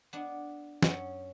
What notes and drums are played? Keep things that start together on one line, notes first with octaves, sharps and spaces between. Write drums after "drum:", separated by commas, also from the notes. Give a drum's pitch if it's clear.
B3 D4
F#2 C#4, drum: snare